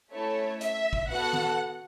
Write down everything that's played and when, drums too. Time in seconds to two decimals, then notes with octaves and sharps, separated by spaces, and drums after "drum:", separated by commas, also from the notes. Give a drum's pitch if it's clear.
0.12 A3 C#4 E4 A4 C#5
0.61 E5, drum: hi-hat
0.93 drum: kick
1.10 B3 F#4 A4 F#5
1.33 drum: tom D#3